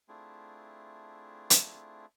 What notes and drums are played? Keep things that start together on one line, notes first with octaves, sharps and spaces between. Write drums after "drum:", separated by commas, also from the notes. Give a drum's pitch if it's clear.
A3 C4 D4 E4 F4 G#4
drum: hi-hat